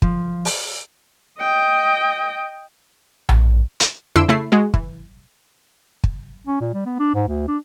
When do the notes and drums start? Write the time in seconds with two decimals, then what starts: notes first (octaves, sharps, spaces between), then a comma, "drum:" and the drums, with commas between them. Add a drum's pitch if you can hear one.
0.02 F3, drum: kick
0.45 drum: open hi-hat
1.38 D#5 G5
3.29 drum: tom A#1
3.80 drum: hi-hat
4.16 F2 D3 E4 C6 E6 D7
4.28 C#3 A3 E4 C7
4.52 G#3 F#4 G#4
4.74 E3, drum: kick
6.04 drum: kick
6.47 C#4
6.61 A#2
6.74 G3
6.86 B3
6.99 D4
7.14 G#2
7.28 D2
7.48 D4